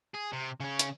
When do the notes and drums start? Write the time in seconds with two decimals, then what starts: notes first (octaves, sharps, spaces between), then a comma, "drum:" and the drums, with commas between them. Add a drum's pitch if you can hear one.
0.15 G#4
0.33 C3
0.60 C#3 C#4
0.79 drum: hi-hat